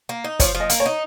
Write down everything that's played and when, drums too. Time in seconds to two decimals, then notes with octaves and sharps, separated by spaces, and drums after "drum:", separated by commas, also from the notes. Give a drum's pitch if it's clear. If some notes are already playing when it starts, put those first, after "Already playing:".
0.09 A#3
0.24 D#4
0.40 F3 C#5, drum: kick, hi-hat
0.55 F3
0.60 D#5
0.70 A#3, drum: hi-hat
0.80 C#5
0.86 D#4